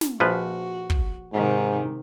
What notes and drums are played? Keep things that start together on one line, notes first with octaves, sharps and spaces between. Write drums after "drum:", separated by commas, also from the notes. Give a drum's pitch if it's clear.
drum: snare
A#1 F3 F#4 B4
drum: kick
G#2 C3 D#3